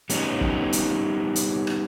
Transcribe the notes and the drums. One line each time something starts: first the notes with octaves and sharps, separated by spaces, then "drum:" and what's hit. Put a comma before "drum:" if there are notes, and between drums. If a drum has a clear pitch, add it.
G3 B3 C#4 D#4, drum: hi-hat
drum: kick
drum: hi-hat
drum: hi-hat
drum: rim click